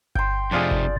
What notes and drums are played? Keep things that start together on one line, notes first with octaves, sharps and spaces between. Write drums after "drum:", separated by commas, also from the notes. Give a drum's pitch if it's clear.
G5 C6, drum: kick G1
F2 C3 D4 F4 G#4 D5
drum: kick G1